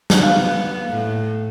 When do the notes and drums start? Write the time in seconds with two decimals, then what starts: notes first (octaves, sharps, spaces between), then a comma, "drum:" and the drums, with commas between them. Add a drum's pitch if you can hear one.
0.10 drum: snare
0.23 B3 F5 F#6
0.88 A2